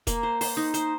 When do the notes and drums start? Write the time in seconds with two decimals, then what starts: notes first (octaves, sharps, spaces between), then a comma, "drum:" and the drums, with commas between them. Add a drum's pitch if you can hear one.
0.07 A#3, drum: kick E1, hi-hat
0.23 C5
0.41 C5, drum: open hi-hat
0.57 D#4
0.74 C5, drum: hi-hat